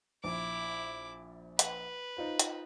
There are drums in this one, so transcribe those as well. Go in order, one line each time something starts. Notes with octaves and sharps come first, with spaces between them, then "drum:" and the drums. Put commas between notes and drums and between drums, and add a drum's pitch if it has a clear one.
A#1 E4 D6
B4, drum: hi-hat
D#4 F4 C5
drum: hi-hat